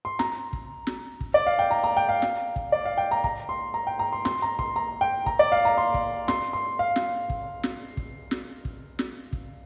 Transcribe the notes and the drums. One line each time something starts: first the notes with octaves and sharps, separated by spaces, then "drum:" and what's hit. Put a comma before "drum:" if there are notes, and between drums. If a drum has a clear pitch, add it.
C6
A#5, drum: snare
drum: kick
drum: snare
drum: kick
D5
F5
G5
A#5
A#5
G5
F5
drum: snare
drum: kick
D5
F5
G5
A#5
A#5, drum: kick
C6
A#5
G5
A#5
C6
C6, drum: snare
A#5
C6, drum: kick
A#5
G5
A#5, drum: kick
D5
F5
A#5
C6
drum: kick
C6, drum: snare
C6
F5
drum: snare
drum: kick
drum: snare
drum: kick
drum: snare
drum: kick
drum: snare
drum: kick